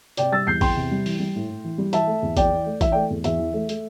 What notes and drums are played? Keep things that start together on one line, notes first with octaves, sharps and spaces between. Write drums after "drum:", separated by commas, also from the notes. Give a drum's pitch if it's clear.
C3 D5 G5, drum: hi-hat
G3 E6 A6
E2 G6 C7
E2 G5 C6, drum: kick A1, open hi-hat
C3
G3
E3, drum: open hi-hat
G3
A2
A2
E3
G3
E3 E5 A5, drum: hi-hat
A3
E2
E2 D5 G5, drum: kick A1, hi-hat
E3
A3
E3 E5, drum: kick A1, hi-hat
A3 D5 G5
E2
E2 E5, drum: hi-hat
E3
A3
A3, drum: hi-hat